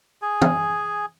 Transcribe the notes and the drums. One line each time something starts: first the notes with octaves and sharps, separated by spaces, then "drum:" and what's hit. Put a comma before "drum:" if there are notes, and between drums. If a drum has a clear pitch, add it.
G#4 G#5
drum: tom